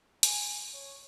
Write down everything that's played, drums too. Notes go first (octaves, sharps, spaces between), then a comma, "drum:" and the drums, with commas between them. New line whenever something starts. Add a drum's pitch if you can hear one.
G#5, drum: hi-hat
C#5